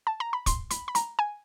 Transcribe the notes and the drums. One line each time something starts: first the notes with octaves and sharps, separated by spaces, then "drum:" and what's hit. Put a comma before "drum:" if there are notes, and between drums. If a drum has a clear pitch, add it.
A5
A#5
B5
C6, drum: kick, hi-hat
B5, drum: hi-hat
B5
A#5, drum: hi-hat
G#5